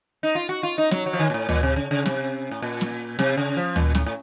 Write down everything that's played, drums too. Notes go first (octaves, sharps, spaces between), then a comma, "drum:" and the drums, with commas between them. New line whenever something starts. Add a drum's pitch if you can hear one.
D#4
F4
F#4
F4
D#4
F#3, drum: snare
F#3
F3
D#3
A#2
A2
A#2, drum: tom D2
C3
C#3
C#3
C3, drum: snare
A2
A#2
drum: snare
C3, drum: snare
C#3
F3
A#2, drum: tom D2
A2, drum: snare
A2